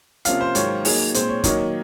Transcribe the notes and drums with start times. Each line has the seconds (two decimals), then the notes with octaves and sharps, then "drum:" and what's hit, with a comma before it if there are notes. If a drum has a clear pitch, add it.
0.25 C3 F3 A#3 C#4 F4 F5, drum: hi-hat
0.41 C5
0.55 G#2 D#3 F#3 C#5, drum: hi-hat
0.85 F#3 A#3 D#4 G#4, drum: open hi-hat
1.14 A#2 G#3 C4 C5, drum: hi-hat
1.29 C#5
1.44 D#3 F#3 A#3 D#4 C#5, drum: kick, hi-hat